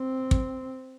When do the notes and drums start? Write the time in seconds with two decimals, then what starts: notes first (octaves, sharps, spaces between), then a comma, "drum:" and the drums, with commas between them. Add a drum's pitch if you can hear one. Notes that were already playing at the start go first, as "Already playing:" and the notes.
Already playing: C4
0.31 drum: kick